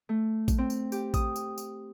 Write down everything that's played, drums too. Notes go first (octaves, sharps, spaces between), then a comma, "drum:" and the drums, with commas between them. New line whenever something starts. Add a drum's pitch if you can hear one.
A3
drum: kick A#1, tambourine
C4
drum: tambourine
G4, drum: tambourine
D#6, drum: kick A#1, tambourine
drum: tambourine
drum: tambourine